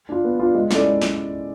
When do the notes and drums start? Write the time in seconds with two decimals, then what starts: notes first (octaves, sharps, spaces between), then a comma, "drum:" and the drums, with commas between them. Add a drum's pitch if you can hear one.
0.09 D4 F4
0.25 B3
0.39 D4 F4
0.55 G#3
0.71 C#4 E4 A4 D5, drum: snare
0.86 G#3
1.02 drum: snare